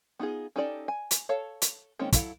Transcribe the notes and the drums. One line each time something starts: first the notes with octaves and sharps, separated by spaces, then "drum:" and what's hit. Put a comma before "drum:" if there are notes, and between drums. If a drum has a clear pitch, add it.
B3 D#4 F4 G#4
C#4 D#4 G4 A4 D5
G#5
drum: hi-hat
A4 C#5 F5 A5
drum: hi-hat
D#3 G#3 A#3 C4 C#4
F#3 E4 A4 F5, drum: kick, hi-hat